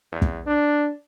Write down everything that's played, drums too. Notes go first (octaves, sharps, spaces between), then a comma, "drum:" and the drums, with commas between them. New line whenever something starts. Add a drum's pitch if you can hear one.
E2
drum: kick
D4